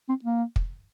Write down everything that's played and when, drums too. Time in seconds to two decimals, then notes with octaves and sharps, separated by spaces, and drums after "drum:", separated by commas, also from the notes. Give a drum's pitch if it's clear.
0.09 C4
0.24 A#3
0.56 drum: kick